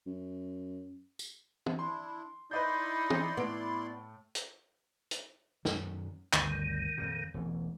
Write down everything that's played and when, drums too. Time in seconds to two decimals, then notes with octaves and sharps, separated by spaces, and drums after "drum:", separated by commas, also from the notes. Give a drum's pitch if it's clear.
0.06 F#2
1.19 drum: tambourine
1.66 drum: tom
1.79 D4 E4 C6
2.51 D#4 E4 B4 D5 D#5 C6 G6
3.10 drum: tom
3.37 A2 B3 D7
4.35 drum: hi-hat
5.11 drum: hi-hat
5.65 F#2 D#3 F#3, drum: snare
6.33 G1 D2 D#3, drum: clap
6.98 F2 A#2
7.34 E1 A1